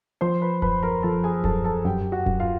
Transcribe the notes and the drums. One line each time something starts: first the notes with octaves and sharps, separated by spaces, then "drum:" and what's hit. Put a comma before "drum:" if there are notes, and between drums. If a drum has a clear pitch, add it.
F3 C5 C6
B4 B5
F#2 B4 B5, drum: kick D#1
A#4 A#5
F3 A4 A5
G#4 G#5
F#2 A4 A5, drum: kick D#1
A4 A5
F#2 G4 G5
F#4 F#5
F#2, drum: kick D#1
F4 F5